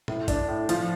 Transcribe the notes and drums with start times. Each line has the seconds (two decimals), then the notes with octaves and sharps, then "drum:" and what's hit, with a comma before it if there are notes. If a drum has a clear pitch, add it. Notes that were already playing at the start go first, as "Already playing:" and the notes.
0.08 A2, drum: tom A2
0.28 D4, drum: kick, hi-hat
0.48 A2
0.69 F3, drum: hi-hat